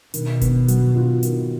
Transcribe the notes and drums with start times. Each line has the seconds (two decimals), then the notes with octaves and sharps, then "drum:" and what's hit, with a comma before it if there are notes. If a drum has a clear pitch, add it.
0.14 B2 D#3, drum: hi-hat
0.41 B3, drum: kick E1, hi-hat
0.68 F#3, drum: hi-hat
0.95 F4
1.23 D#3, drum: hi-hat